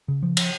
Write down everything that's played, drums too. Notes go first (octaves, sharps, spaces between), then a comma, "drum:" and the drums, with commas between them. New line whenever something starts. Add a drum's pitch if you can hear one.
C#3
F3
drum: cymbal